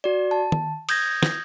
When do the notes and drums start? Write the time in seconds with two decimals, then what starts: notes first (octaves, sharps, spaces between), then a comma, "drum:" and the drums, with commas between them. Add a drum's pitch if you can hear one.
0.04 F#4 D5
0.31 A5
0.52 drum: tom
0.89 D#6 G6 G#6 A#6, drum: cymbal
1.23 drum: snare